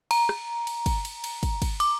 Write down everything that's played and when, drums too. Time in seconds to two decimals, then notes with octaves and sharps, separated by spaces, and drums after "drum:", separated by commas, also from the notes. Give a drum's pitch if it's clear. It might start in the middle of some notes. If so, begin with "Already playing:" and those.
0.11 A#5, drum: cymbal
0.29 drum: rim click
0.67 drum: cymbal
0.86 drum: kick, cymbal
1.05 drum: cymbal
1.24 drum: cymbal
1.43 drum: kick, cymbal
1.62 drum: kick, cymbal
1.80 D6, drum: cymbal